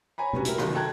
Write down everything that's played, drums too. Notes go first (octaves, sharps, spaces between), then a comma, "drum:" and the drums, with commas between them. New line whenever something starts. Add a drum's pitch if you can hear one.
C#5 G#5 A#5 B5
G3 B3 C#4 F#4, drum: tom C3
E4 G4 A#4, drum: hi-hat
G1 C2 B2 D#3 F#3, drum: rim click
A4 G5 A5 A#5 F#6 G#6